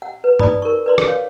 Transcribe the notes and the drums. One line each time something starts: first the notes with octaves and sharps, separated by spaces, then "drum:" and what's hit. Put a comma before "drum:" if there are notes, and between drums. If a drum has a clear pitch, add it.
F#5
B4
D#4 D5 B5 D#6, drum: tom G2
A#4 C#6
B4 D5 C6
drum: rim click
C#5 F5